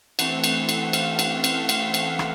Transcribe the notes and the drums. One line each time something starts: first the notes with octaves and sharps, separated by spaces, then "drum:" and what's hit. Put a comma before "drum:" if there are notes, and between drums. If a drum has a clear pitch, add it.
E3 A3 C4 F#5, drum: cymbal
drum: cymbal
drum: cymbal
F5, drum: cymbal
drum: cymbal
drum: cymbal
drum: cymbal
drum: cymbal
drum: rim click